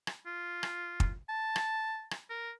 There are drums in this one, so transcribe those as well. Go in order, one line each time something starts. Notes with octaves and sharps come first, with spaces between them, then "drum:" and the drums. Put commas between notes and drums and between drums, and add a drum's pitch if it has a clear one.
drum: rim click
F4
drum: rim click
drum: kick
A5
drum: rim click
drum: rim click
A#4